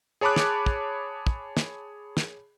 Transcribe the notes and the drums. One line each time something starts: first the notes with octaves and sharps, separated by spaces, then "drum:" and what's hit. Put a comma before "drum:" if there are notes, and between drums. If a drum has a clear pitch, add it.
G#4 C#5 A5 B5 D6 F#6
drum: snare
drum: kick
drum: kick
drum: snare
drum: snare